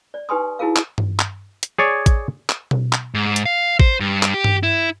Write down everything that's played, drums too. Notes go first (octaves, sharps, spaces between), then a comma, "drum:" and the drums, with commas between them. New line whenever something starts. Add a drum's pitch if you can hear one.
D5
D#4 G4 B4 G#5 C6 D#6
D#4 E4 F#4 G#4 A#4 F5
drum: clap
drum: tom G2
drum: clap
drum: hi-hat
G#4 C#5 D5
drum: kick A1, hi-hat
drum: clap
drum: tom B2
drum: clap
G#2
drum: hi-hat
F5
C5, drum: kick A1
G2
drum: clap
G4
drum: tom G2
E4